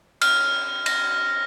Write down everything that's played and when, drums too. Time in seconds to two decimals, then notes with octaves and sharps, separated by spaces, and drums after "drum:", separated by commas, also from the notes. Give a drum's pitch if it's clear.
0.22 F6, drum: cymbal
0.86 A#6, drum: cymbal